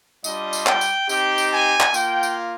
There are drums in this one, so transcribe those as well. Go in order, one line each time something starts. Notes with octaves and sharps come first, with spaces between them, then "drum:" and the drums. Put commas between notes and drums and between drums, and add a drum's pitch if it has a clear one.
G3 D4 F4 D#5, drum: tambourine
drum: tambourine
G5, drum: clap
drum: tambourine
C4 D#4 G4 G5, drum: tambourine
drum: tambourine
G#5
drum: clap
A#3 F4 G5, drum: tambourine
drum: tambourine